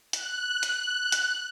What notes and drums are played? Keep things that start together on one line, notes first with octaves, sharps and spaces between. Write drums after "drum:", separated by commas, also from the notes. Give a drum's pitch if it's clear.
F#6, drum: hi-hat
drum: hi-hat
drum: hi-hat